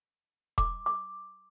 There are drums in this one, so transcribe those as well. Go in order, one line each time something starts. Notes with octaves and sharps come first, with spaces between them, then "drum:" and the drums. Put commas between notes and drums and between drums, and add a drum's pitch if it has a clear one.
D6, drum: kick E1
D6